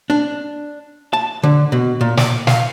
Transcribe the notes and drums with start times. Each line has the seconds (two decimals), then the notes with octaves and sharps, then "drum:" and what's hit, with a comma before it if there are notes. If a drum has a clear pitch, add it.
0.10 D4
1.13 A5
1.43 D3
1.72 B2
2.01 A#2
2.17 D5, drum: snare
2.47 F5, drum: snare